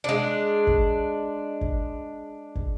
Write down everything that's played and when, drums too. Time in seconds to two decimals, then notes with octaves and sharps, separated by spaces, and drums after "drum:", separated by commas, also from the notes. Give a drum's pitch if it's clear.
0.04 G#3 D4
0.67 drum: kick
1.61 drum: kick
2.55 drum: kick